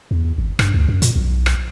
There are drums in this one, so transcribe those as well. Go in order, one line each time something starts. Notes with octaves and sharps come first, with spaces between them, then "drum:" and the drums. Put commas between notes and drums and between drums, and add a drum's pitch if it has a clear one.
E2
G#1
G2, drum: rim click
D2
F#2
A#2, drum: hi-hat
B1
drum: rim click